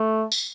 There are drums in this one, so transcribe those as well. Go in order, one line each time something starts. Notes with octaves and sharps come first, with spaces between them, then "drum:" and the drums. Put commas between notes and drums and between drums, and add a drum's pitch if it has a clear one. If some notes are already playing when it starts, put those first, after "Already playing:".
Already playing: A3
drum: tambourine